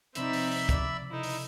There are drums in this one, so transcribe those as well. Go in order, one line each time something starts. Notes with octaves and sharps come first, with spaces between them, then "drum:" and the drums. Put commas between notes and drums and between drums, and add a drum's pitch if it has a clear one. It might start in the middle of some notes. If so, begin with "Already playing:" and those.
C3 F3 C4 D#4 D5 E5 B5 E6, drum: hi-hat
drum: open hi-hat
drum: open hi-hat
C#3 D5, drum: kick, hi-hat
C3 D#4 E4 A4 A#6
drum: open hi-hat